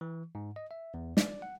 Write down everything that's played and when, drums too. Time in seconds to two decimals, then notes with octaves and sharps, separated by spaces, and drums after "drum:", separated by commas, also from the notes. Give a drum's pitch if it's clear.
0.01 E3
0.35 G#2
0.56 D#5
0.71 E5
0.94 E2
1.17 D5, drum: snare
1.42 F#5